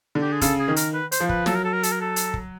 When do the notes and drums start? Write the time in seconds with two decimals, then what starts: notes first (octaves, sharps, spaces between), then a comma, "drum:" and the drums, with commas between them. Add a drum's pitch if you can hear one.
0.15 D3
0.22 G4
0.32 G#4
0.41 C#3 A4, drum: kick, hi-hat
0.60 G#4
0.68 D#3
0.76 A#4, drum: hi-hat
0.94 B4
1.12 C5, drum: hi-hat
1.20 F3
1.29 B4, drum: kick
1.46 F#3 A4, drum: snare
1.55 A#4
1.64 A4
1.73 A#4
1.83 A4, drum: hi-hat
1.92 A#4
2.01 A4
2.16 drum: hi-hat
2.34 drum: kick